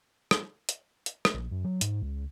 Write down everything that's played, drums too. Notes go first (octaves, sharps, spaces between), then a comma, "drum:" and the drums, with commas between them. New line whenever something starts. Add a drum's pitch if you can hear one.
drum: rim click
drum: hi-hat
drum: hi-hat
drum: rim click
A#1
F#2
F#3
G#2, drum: hi-hat
C#2